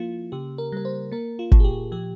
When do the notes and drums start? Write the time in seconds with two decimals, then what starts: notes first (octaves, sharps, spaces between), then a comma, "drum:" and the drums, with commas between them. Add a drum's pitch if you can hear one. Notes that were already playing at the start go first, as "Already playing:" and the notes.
Already playing: F3 A#3 E4 F4
0.32 C#3 G4
0.58 A#4
0.72 G3 A#4
0.85 C5
1.12 A#3 A#4
1.39 F4
1.52 A#2, drum: kick
1.60 G#4
1.64 G4
1.92 F3 G4